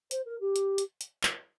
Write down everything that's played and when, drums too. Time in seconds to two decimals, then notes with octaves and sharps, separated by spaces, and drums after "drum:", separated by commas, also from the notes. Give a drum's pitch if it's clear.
0.11 C5, drum: hi-hat
0.25 A#4
0.40 G4
0.56 drum: hi-hat
0.78 drum: hi-hat
1.01 drum: hi-hat
1.23 drum: clap